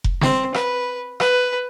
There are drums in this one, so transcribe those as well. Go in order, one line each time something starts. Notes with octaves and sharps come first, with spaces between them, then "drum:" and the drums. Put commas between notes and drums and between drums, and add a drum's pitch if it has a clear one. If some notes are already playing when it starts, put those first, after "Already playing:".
drum: kick F1
C4, drum: snare
B4, drum: rim click
B4, drum: rim click